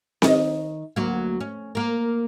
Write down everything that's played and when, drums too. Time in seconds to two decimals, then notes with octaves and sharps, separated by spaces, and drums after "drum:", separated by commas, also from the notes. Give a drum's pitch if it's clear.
0.22 D#3 D#5, drum: snare C4
0.96 D2 F#3 A#3
1.41 C#4
1.75 A#3 A#4